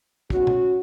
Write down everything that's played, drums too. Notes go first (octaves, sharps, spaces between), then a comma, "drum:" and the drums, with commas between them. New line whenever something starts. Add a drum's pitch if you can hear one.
G#2 F#3 B3 C#4 F#4, drum: kick
drum: tom B2